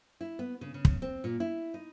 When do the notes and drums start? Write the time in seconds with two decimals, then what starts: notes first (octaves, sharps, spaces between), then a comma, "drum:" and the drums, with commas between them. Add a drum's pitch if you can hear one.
0.21 E4
0.39 B3
0.61 C#3
0.74 C#3
0.85 drum: kick
1.02 C4
1.24 A#2
1.40 E4
1.74 D#4